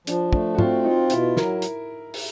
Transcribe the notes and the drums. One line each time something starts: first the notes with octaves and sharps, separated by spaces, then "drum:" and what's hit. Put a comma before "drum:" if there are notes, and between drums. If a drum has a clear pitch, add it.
F3 D4, drum: hi-hat
A3 D4, drum: kick
F#4
C4 F4, drum: tom
D#4 F4
B2 E4, drum: hi-hat
F#3 A#4, drum: snare
drum: hi-hat
drum: open hi-hat